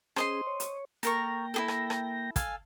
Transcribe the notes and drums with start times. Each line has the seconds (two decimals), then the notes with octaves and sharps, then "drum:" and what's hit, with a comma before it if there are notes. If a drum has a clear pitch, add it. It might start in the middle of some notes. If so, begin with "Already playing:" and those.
0.16 C#4 G#4 C5 D#5 C6, drum: rim click
0.47 C#5
0.60 drum: hi-hat
1.03 A#3 A4 A#4 G5 C#6 A#6, drum: hi-hat
1.54 E4 G#4 A4
1.68 drum: rim click
1.90 drum: rim click
2.36 A4 F5 G#5, drum: kick, hi-hat